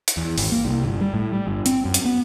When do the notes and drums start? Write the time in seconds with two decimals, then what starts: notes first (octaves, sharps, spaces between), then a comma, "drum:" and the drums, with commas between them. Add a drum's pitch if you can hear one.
0.08 drum: hi-hat
0.17 E2
0.38 G#1, drum: open hi-hat
0.52 A#3
0.65 C2
0.84 G1
1.01 G3
1.14 A2
1.32 G3
1.47 G1
1.66 C4, drum: hi-hat
1.85 F#2
1.94 drum: hi-hat
2.05 B3